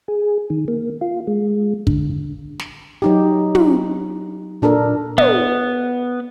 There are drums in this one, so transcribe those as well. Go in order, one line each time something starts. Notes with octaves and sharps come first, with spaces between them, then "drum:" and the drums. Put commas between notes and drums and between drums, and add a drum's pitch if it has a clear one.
G#4
D#3
A#3
F4
G#3
D3, drum: kick
drum: snare
F#3 D#4 G4
drum: tom
A#2 D4 A4 A#4
B3, drum: tom